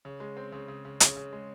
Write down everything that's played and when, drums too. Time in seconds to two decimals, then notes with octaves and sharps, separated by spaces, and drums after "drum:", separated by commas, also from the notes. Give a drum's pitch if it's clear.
0.05 C#3
0.20 G#3
0.37 C4
0.52 C#3
0.68 C#3
0.85 C#3
1.00 C#3, drum: hi-hat
1.17 C#3
1.33 G#3